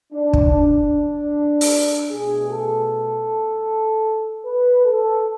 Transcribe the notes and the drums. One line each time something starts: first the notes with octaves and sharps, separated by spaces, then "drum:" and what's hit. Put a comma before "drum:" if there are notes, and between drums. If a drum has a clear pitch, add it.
D4
drum: kick
D4
drum: open hi-hat
B2 A3 G#4
A4
B4
A4